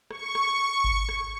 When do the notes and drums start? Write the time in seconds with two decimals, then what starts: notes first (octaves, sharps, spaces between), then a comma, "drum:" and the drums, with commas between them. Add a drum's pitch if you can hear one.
0.11 C#6, drum: rim click
0.35 drum: rim click
0.84 drum: kick G#1
1.09 drum: rim click